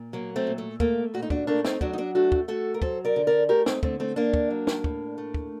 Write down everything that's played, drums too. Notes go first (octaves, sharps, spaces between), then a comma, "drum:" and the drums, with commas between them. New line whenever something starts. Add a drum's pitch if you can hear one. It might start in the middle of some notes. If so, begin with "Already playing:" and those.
Already playing: A#2
F#3 A#3
A3 C4
A#2
A3
A3 A#3, drum: kick
A#2 F#4
D#4
D4 F#4, drum: kick
A3 A#3 D4
C4 D#4, drum: snare
F#3 D4 F#4, drum: kick
D#4
D4 F#4
A3 D4 F#4
drum: kick
A3 F#4 A4
A#4
F#3 A4 C5, drum: kick
A#4 D5
D3
A#4 D5
A3 G4 A#4
C4 D#4, drum: snare
D3 A3 C4, drum: kick
A3 C4
D3 A#3 D4
drum: kick
F#3
drum: snare
A2, drum: kick
A3
drum: kick